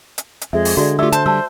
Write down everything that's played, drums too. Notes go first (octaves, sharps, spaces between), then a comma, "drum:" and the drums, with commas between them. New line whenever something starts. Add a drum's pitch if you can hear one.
drum: hi-hat
drum: hi-hat
F2 G#3 E5
drum: open hi-hat
D3 G#3 F#4 D5
A3 F4 G4 D5 E5 E6
C5 A5, drum: hi-hat
D3 G3 A5 E6